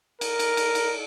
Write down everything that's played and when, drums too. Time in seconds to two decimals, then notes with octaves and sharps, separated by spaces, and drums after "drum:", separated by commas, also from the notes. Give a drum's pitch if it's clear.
0.21 A#4, drum: cymbal
0.39 drum: cymbal
0.57 drum: cymbal
0.75 drum: cymbal